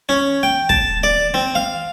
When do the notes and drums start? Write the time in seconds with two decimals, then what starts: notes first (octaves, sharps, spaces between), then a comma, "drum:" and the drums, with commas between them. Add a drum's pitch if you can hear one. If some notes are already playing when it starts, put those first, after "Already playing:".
0.09 C#4
0.43 G5
0.69 A5, drum: kick
1.03 D5
1.34 C4
1.55 F5